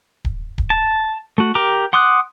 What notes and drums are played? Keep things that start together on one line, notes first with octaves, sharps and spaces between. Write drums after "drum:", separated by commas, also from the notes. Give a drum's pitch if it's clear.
drum: kick D1
drum: kick D1
A5
A3 F#4
G4 A#4 A#5 D6
F#5 C6 D6 D#6 F#6